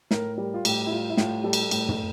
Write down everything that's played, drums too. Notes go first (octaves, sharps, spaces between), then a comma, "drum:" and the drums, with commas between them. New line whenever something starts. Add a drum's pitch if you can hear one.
A2 A#4, drum: snare
G3 A#4
F4
A2 G4, drum: cymbal
E4
G3 F4
E4
A2 F4, drum: snare
G4
G3 A4
drum: cymbal
A2, drum: cymbal
drum: tom